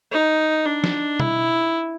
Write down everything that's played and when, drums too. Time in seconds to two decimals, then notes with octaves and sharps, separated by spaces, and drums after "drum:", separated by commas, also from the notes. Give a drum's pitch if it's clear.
0.11 D#4
0.66 D4
0.84 drum: snare
1.20 E4, drum: tom